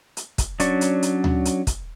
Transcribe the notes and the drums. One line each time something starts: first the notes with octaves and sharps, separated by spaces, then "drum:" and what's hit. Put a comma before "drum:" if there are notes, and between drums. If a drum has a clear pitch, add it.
drum: hi-hat
drum: kick, hi-hat
F#3 C#4 D4 D5 C#6, drum: hi-hat
drum: hi-hat
drum: hi-hat
drum: tom D2
drum: hi-hat
drum: kick, hi-hat